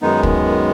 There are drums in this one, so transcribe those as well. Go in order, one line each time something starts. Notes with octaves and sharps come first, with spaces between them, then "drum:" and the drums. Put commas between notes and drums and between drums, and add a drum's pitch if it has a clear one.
F#2 D#3 G#3 B3 D#4
drum: kick